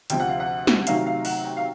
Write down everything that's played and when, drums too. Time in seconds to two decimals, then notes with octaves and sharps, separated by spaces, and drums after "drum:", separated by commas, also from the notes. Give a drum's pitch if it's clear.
0.10 D2 C3 F3 G5, drum: hi-hat
0.20 F#5
0.29 F5
0.40 F#5
0.67 drum: snare
0.87 C3 D#3 F#3 A3 F5, drum: hi-hat
1.06 F5
1.25 F#5, drum: open hi-hat
1.45 G5
1.57 F5